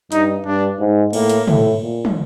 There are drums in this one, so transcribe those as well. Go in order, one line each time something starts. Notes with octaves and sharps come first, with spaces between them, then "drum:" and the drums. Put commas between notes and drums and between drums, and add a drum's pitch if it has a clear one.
G2 D#4, drum: hi-hat
G2 D4
G#2
A2 A#3, drum: cymbal
drum: hi-hat
A2, drum: tom
A#2
drum: tom